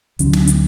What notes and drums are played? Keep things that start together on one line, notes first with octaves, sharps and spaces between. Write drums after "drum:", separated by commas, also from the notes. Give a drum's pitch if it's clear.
D2 D3 F#3 C#4, drum: hi-hat
drum: snare
drum: hi-hat